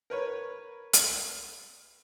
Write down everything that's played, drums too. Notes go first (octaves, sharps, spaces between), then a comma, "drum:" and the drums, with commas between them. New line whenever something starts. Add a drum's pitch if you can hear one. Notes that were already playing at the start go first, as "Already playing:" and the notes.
A#4 B4 C#5
drum: hi-hat